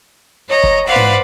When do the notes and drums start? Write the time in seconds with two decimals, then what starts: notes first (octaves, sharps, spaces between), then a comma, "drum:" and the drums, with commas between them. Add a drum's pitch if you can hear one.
0.47 C#5 D#5 A#5
0.63 drum: kick
0.86 B4 C5 D5 F5 F#5
0.96 drum: tom